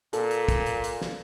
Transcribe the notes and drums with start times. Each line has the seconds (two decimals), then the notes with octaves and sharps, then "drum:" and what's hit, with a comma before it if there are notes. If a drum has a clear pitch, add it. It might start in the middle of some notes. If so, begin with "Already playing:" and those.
0.13 A#2 A4, drum: hi-hat
0.31 drum: hi-hat
0.48 drum: kick, hi-hat
0.66 drum: hi-hat
0.84 drum: hi-hat
1.02 drum: snare